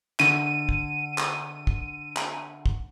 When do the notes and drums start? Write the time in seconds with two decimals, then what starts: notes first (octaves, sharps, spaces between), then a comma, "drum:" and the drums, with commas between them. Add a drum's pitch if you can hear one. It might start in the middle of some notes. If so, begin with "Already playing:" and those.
0.20 D3 D#7, drum: clap
0.69 drum: kick
1.18 drum: clap
1.67 drum: kick
2.16 drum: clap
2.66 drum: kick